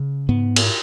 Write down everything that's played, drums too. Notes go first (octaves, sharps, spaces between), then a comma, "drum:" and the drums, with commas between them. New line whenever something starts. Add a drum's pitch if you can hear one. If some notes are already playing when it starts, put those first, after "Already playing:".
Already playing: C#3
G#2 B3
drum: cymbal